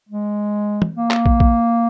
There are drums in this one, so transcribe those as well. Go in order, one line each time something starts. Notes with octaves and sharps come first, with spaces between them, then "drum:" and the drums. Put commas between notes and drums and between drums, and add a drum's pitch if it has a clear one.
G#3
drum: tom
A#3
drum: clap
drum: kick
drum: kick